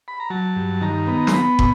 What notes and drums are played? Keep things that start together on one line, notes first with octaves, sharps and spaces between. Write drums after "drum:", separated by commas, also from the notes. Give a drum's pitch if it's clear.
B5
A#5
F#3 A5
G2
D#3 A#5
B3
C6, drum: snare
B3 B5
B2, drum: kick